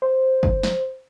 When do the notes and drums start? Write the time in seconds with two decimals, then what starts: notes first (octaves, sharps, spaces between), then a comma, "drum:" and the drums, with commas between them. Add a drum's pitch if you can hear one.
0.02 C5
0.43 drum: kick
0.63 drum: snare